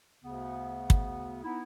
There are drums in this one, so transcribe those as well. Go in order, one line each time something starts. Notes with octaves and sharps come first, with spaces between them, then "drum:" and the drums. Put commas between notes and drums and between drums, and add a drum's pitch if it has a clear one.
D2 C#3 B3
drum: kick
B3 D#4 E4